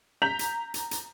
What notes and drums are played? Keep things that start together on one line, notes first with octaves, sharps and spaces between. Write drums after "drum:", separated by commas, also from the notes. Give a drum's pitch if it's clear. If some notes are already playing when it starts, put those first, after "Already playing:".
A#5 G6 B6 F7
drum: hi-hat
drum: hi-hat
drum: hi-hat